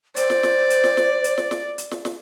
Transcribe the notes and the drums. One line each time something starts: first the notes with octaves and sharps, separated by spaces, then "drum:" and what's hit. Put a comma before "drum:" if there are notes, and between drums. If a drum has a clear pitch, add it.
C5 D5, drum: hi-hat
drum: snare
drum: snare
drum: hi-hat
drum: snare
drum: snare
drum: hi-hat
drum: snare
drum: snare
drum: hi-hat
drum: snare
drum: snare